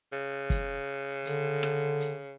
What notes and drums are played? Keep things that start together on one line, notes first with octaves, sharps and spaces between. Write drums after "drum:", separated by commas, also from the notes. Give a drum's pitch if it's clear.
C#3
drum: kick, hi-hat
D3, drum: hi-hat
drum: rim click
drum: hi-hat